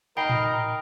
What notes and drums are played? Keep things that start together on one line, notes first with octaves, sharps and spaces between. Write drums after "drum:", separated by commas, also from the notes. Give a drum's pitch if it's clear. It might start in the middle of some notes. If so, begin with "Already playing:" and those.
D#4 A#4 G5 B5 C7
drum: tom A2